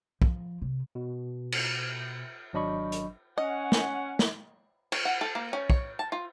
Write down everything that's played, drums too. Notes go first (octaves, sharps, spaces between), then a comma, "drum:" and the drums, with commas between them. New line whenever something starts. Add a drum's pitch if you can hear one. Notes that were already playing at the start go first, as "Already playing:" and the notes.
F3, drum: kick
C3
B2
drum: cymbal
G#1 F#3 D4 D#5 B5 C#6
drum: hi-hat
C#4 D#5 F#5 G#5
drum: snare
drum: snare
C#5, drum: cymbal
F#5
A4
A#3
C#4
C#5, drum: kick
A5
F4